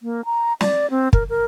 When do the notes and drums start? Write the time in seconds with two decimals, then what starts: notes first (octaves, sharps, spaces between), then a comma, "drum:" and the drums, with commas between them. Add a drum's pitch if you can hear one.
0.01 A#3
0.25 A#5
0.61 D5, drum: snare
0.90 C4
1.13 A#4, drum: kick
1.29 A#4